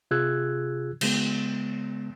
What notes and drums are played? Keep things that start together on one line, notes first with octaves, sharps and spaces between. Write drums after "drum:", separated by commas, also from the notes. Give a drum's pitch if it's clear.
C3 F4 G#4 E6 F#6 G#6
C#3 G#3 B3, drum: cymbal